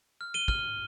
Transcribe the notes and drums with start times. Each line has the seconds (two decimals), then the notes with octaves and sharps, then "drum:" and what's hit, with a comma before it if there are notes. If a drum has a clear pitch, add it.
0.21 F6
0.34 D#7 G7
0.48 F6, drum: kick